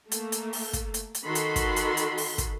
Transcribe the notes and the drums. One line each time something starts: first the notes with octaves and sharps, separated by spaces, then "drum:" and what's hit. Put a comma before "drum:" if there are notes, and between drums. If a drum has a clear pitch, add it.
A3 A#3, drum: hi-hat
drum: hi-hat
drum: open hi-hat
drum: kick, hi-hat
drum: hi-hat
drum: hi-hat
D#3 F#4 A4 B5 C6
drum: hi-hat
drum: kick, hi-hat
drum: hi-hat
drum: hi-hat
drum: open hi-hat
drum: kick, hi-hat